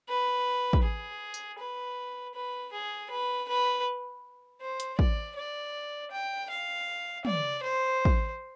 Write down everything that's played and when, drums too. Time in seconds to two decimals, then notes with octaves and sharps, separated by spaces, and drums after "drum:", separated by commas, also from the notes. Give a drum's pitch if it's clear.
0.09 B4
0.73 drum: kick
0.83 G#4
1.34 drum: tambourine
1.59 B4
2.35 B4
2.72 G#4
3.10 B4
3.48 B4
4.61 C5
4.80 drum: hi-hat
4.99 D5, drum: kick
5.36 D5
6.11 G5
6.50 F5
7.25 D5, drum: tom
7.63 C5
8.05 drum: kick